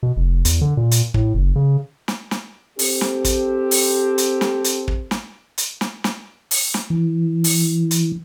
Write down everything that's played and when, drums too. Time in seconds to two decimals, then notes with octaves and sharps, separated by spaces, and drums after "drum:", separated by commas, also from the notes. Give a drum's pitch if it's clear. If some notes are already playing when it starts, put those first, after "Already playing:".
0.03 B2
0.17 F1
0.45 E2, drum: hi-hat
0.61 D3
0.77 A#2
0.91 drum: hi-hat
1.14 A2, drum: kick
1.34 F#1
1.56 C#3
2.08 drum: snare
2.31 drum: snare
2.79 C4 G4 A4, drum: open hi-hat
3.01 drum: snare
3.24 drum: kick, hi-hat
3.71 drum: open hi-hat
4.18 drum: hi-hat
4.41 drum: snare
4.64 drum: hi-hat
4.88 drum: kick
5.11 drum: snare
5.58 drum: hi-hat
5.81 drum: snare
6.04 drum: snare
6.51 drum: open hi-hat
6.74 drum: snare
6.90 E3
7.44 drum: open hi-hat
7.91 drum: hi-hat